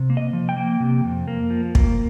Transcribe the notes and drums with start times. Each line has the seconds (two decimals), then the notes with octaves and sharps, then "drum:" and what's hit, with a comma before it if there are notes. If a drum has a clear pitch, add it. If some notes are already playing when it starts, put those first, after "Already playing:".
Already playing: C3
0.10 A#3
0.17 D#5
0.33 F3
0.49 G5
0.57 A#3
0.80 C3
1.04 F2
1.28 A#3
1.50 F3
1.75 A#3, drum: kick